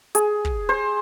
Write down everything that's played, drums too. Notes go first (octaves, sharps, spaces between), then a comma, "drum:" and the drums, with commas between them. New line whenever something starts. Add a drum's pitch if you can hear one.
G#4, drum: hi-hat
drum: kick
C5